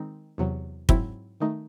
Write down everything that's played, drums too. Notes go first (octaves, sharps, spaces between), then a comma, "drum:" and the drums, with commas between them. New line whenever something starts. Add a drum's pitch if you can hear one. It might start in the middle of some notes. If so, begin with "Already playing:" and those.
Already playing: D#3 G#3 C4 D#4
E2 C3 F#3
G#2 F#3 C4 E4, drum: kick
D#3 A3 D#4